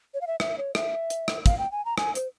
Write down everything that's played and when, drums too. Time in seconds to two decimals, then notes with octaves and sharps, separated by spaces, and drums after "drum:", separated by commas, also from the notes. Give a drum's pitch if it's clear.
0.14 C#5
0.21 F5
0.27 E5
0.40 E5, drum: rim click
0.58 C#5
0.75 E5, drum: rim click
1.10 drum: hi-hat
1.28 drum: rim click
1.46 F5, drum: kick, hi-hat
1.58 G5
1.72 G#5
1.85 A#5
1.98 G#5, drum: rim click
2.15 C5, drum: hi-hat